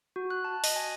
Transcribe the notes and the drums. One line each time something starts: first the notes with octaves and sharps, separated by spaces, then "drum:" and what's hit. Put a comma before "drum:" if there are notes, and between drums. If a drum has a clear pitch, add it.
F#4
F#6
A5
D#5, drum: open hi-hat
G#5